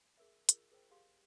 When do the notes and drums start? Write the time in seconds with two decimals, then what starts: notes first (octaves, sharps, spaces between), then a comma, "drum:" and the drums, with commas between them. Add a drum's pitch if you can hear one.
0.18 G#4 A#4 E5
0.49 F4 G#4 A#4, drum: hi-hat
0.72 G#4 A#4 C5 G5
0.91 G4 G#4 F5 C6